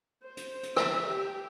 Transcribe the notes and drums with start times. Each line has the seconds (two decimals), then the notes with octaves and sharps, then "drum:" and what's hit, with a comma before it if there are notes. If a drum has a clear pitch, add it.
0.24 C5
0.37 drum: hi-hat
0.63 drum: hi-hat
0.77 E5, drum: rim click
1.09 G4